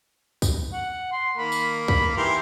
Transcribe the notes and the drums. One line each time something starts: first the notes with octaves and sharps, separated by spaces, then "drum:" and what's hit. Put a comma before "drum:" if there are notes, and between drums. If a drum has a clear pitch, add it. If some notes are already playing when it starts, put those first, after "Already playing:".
drum: kick, tambourine
F#5
C6
D#3 A#3 B5
drum: tambourine
B5, drum: kick
E3 G4 A#4 C6